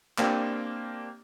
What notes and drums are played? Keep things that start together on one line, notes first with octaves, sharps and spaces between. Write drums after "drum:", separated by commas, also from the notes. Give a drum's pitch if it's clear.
A#3 C4 D4 G4, drum: clap